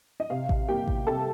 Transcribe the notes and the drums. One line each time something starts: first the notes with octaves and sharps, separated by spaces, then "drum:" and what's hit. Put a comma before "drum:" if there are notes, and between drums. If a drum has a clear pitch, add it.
D#5
C3 F5
drum: kick A1
A#3 G4 G5
drum: kick A1
C3 A4 A5